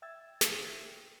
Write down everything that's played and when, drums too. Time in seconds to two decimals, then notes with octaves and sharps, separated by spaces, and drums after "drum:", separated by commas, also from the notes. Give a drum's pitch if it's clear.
0.02 E5 G5 E6 G#6 A6
0.41 drum: snare